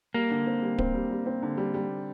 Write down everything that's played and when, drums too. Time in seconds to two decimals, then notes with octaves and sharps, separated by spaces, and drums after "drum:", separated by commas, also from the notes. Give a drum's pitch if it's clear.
0.14 G3 A#3
0.31 D3
0.46 C4
0.62 G3
0.78 C4, drum: kick D1
0.94 G3
1.10 G3
1.26 C4
1.43 D3
1.57 G3
1.74 G3